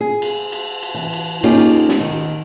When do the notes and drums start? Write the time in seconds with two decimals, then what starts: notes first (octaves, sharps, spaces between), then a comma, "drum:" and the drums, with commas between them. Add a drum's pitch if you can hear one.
0.01 G#4
0.22 drum: cymbal
0.52 drum: cymbal
0.83 drum: cymbal
0.94 E3
1.13 drum: cymbal
1.43 A#3 C#4 D#4 F4 G4 G#4, drum: cymbal
1.89 drum: snare
2.00 D#3